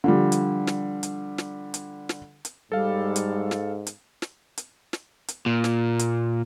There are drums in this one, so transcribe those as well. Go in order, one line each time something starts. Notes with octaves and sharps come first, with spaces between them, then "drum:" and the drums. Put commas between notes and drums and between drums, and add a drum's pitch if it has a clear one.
D3 F3 G3
drum: hi-hat
drum: snare
drum: hi-hat
drum: snare
drum: hi-hat
drum: snare
drum: hi-hat
G#2 G3 A4 F5
drum: hi-hat
drum: snare
drum: hi-hat
drum: snare
drum: hi-hat
drum: snare
drum: hi-hat
A#2
drum: snare
drum: hi-hat